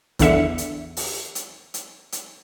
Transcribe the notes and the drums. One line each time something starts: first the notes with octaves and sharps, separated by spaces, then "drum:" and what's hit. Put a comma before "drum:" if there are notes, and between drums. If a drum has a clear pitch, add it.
E2 D3 E5 C#7, drum: kick, hi-hat
drum: hi-hat
drum: open hi-hat
drum: hi-hat
drum: hi-hat
drum: hi-hat